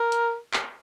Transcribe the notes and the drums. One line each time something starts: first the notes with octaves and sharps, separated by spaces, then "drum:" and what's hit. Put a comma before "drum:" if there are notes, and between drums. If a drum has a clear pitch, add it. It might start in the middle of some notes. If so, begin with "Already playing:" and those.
Already playing: A#4
drum: hi-hat
drum: clap